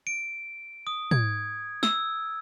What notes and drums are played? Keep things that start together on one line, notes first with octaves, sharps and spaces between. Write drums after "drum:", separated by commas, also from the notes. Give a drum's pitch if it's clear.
D7
D#6
G#6, drum: tom
E6, drum: snare